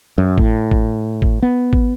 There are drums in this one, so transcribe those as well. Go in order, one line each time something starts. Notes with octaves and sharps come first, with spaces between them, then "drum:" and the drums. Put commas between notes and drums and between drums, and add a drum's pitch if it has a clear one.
F#2
A2, drum: kick G#1
drum: kick G#1
drum: kick G#1
B3
drum: kick G#1